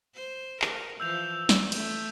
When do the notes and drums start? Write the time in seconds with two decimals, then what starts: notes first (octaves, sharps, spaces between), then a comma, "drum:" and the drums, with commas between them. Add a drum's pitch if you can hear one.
0.14 C5
0.62 A#4, drum: clap
1.00 E3 F3 E6 G6 F7
1.49 drum: snare
1.72 A3, drum: cymbal